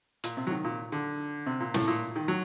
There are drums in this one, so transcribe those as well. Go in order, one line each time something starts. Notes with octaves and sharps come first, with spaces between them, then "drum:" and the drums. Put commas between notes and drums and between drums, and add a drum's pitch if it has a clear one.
A#2, drum: hi-hat
C3
F#3
D#3
A#2
D3
C3
A#2
A2, drum: snare
A#2
D#3
F#3